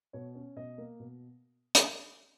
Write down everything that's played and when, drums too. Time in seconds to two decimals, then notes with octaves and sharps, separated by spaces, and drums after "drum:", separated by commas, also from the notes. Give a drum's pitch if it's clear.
0.13 B2 C#5
0.35 C#4
0.56 B2 D#5
0.78 A#3
1.00 B2
1.75 drum: hi-hat